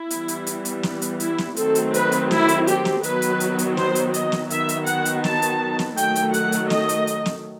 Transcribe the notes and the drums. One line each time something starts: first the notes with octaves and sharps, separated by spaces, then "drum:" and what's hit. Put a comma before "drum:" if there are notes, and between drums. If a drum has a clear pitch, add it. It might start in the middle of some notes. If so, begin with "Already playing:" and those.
Already playing: E4
E3 G3 B3, drum: hi-hat
drum: hi-hat
drum: hi-hat
drum: hi-hat
drum: snare
drum: hi-hat
E4, drum: hi-hat
drum: snare
D#3 F#3 A3 C4 A4, drum: hi-hat
drum: hi-hat
B4, drum: hi-hat
drum: hi-hat
E4, drum: snare
drum: hi-hat
G4, drum: hi-hat
drum: snare
D#3 F#3 B3 B4, drum: hi-hat
drum: hi-hat
drum: hi-hat
drum: hi-hat
C5, drum: snare
drum: hi-hat
D#5, drum: hi-hat
drum: snare
D#3 F#3 B3 E5, drum: hi-hat
drum: hi-hat
F#5, drum: hi-hat
drum: hi-hat
A5, drum: snare
drum: hi-hat
drum: snare
D#3 F#3 A3 G5, drum: hi-hat
drum: hi-hat
F#5, drum: hi-hat
drum: hi-hat
D#5, drum: snare
drum: hi-hat
drum: hi-hat
drum: snare